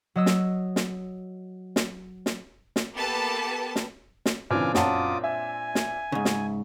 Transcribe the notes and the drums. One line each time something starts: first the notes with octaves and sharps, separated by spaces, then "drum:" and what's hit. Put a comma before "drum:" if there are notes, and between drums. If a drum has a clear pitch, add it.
F#3 D#5 E6
drum: snare
drum: snare
drum: snare
drum: snare
drum: snare
A#3 B3 G4 A4 B4 A5
drum: snare
drum: snare
A#2 C#3 E3 C4 D4 G#5 D6 F6
F#2 F4 F#5 A5 D6 D#6, drum: snare
E5 G#5
drum: snare
G#2 C#3
drum: snare